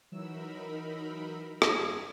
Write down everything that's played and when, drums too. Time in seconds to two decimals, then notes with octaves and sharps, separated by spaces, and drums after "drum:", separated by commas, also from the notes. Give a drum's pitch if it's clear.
0.12 E3 F#3 D#4 A#4 B5 E6
1.62 G2 G#4 E6, drum: rim click